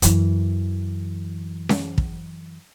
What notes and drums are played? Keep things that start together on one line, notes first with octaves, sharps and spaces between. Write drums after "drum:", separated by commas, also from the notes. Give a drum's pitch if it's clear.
F#2 E3, drum: hi-hat
drum: snare C#4
drum: kick